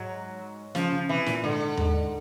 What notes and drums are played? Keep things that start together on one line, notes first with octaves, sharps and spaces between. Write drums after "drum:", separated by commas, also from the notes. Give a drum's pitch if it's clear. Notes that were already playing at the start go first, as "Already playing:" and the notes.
Already playing: G#2 F#3
C#3 F3, drum: snare
C#3
C3 E3
A#2, drum: snare
G#2 D3
G#2, drum: tom D#2